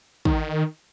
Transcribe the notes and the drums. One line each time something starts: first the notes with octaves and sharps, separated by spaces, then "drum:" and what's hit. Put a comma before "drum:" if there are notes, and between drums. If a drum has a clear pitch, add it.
D#3, drum: kick